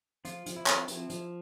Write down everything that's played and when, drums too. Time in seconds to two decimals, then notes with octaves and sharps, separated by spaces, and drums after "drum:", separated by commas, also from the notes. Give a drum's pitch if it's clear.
0.25 F3 F4, drum: hi-hat
0.46 F3, drum: hi-hat
0.56 E4
0.66 C4, drum: clap
0.88 F3, drum: hi-hat
1.10 F3, drum: hi-hat